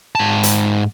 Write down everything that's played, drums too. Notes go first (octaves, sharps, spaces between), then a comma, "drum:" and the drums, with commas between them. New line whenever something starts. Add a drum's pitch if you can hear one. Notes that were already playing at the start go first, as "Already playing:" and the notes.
G#2 A5
drum: hi-hat